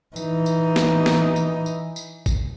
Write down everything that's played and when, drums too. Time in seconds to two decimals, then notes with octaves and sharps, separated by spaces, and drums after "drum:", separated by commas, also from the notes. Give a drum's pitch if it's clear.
0.16 E3 D#4, drum: tambourine
0.46 drum: tambourine
0.76 drum: snare
1.06 drum: snare
1.36 drum: tambourine
1.66 drum: tambourine
1.96 drum: tambourine
2.26 drum: kick, tambourine